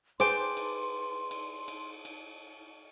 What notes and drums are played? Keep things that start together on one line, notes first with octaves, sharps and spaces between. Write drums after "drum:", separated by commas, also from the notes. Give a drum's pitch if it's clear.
G#4 B4 C5 G5 A5 C6 D6, drum: cymbal
drum: cymbal
drum: cymbal
drum: cymbal
drum: cymbal